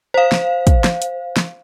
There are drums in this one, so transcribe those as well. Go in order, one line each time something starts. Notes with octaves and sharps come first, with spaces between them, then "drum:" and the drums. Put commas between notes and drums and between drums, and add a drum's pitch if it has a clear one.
C5 F5
drum: snare
drum: kick, hi-hat
drum: snare
drum: hi-hat
drum: snare